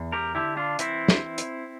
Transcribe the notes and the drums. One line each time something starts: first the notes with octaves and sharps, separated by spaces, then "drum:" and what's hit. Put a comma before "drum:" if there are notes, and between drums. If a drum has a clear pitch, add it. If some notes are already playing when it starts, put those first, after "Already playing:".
Already playing: E2
G4 A#4
D3 E4 G4
D4 F4
E3 C4 E4, drum: hi-hat
drum: snare
drum: hi-hat